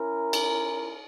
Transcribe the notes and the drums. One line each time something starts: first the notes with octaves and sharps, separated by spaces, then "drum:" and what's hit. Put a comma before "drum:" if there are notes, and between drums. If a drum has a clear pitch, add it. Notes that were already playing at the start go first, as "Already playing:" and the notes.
Already playing: C#4 E4 A#4
drum: cymbal